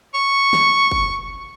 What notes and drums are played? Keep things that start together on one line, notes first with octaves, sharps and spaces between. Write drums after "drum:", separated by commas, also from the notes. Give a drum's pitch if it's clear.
C#6
drum: snare
drum: kick